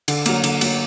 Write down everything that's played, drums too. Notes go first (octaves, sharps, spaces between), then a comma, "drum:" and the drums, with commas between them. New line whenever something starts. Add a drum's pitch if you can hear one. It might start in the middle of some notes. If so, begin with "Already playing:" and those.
D3, drum: cymbal
F#3 A#3, drum: cymbal
D3, drum: cymbal
F#3 A#3, drum: cymbal